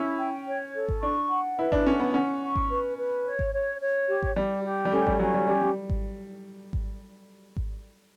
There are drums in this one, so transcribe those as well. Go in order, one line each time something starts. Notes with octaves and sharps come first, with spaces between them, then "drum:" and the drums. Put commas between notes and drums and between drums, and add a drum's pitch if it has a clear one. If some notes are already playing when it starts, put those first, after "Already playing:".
Already playing: C#4 E4
G5
C#5
A4
drum: kick G#1
D4 C#6
F#5
E4 B4
D4, drum: kick G#1
C#4 F#5
B3
C#4 F#5
C#6
drum: kick G#1
B4
B4
C#5
drum: kick G#1
C#5
C#5
G4
drum: kick G#1
G3 G4
G4
G3
A3 C#4
G3, drum: kick G#1
F#3 C#4
G3
G3 G4
G3
drum: kick G#1
drum: kick G#1
drum: kick G#1